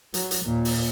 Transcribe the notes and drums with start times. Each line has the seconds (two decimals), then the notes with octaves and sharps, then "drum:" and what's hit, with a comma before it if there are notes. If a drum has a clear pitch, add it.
0.14 F#3, drum: hi-hat
0.31 drum: hi-hat
0.44 D#2 A#2
0.65 drum: open hi-hat